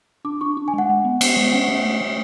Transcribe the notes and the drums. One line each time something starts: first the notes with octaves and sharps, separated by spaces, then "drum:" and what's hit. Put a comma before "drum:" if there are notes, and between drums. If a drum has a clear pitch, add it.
D4 D6
D4 C#6
D4
G#5
G#3 F#5
G#3
B3
B3, drum: cymbal
G#3
C#4 F#5
A3
A3
A3